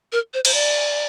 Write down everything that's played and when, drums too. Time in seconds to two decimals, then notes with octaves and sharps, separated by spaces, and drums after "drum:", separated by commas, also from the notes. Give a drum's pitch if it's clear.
0.12 A#4
0.34 C5
0.45 C5, drum: cymbal
0.54 D5